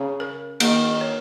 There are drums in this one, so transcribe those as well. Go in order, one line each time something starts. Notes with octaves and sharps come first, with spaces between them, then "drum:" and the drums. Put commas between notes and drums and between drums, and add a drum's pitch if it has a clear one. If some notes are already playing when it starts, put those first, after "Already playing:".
Already playing: C#3 C#4
A#4
D#3 A#3, drum: cymbal
C#5